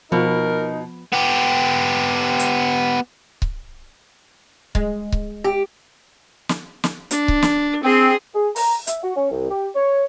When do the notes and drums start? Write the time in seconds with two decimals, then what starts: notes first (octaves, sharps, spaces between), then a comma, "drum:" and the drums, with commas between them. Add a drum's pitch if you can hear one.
0.12 B2 F3 D#4 A#4
1.12 B3 G4
2.39 drum: hi-hat
3.42 drum: kick C#1
4.75 G#3, drum: kick C#1
5.12 drum: kick C#1
5.44 G4
6.49 drum: snare
6.84 drum: snare
7.11 D4, drum: hi-hat
7.28 drum: kick C#1
7.42 drum: snare
7.83 C4 G#4 C6
8.35 G#4
8.56 A#5, drum: open hi-hat
8.87 E5, drum: hi-hat
9.03 F#4
9.16 C#4
9.31 C2
9.50 G4
9.75 C#5